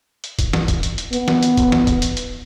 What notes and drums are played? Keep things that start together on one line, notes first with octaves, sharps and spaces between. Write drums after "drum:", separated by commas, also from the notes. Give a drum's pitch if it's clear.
drum: hi-hat
drum: kick, hi-hat
drum: snare
drum: kick, hi-hat
drum: hi-hat
drum: hi-hat
B3, drum: hi-hat
drum: snare
drum: hi-hat
drum: kick, hi-hat
drum: snare
drum: kick, hi-hat
drum: hi-hat
drum: hi-hat